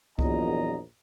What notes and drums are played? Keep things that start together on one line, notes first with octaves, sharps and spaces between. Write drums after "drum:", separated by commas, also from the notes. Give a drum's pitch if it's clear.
A#1 E2 A#2 F#3 D#5 A#5, drum: kick C2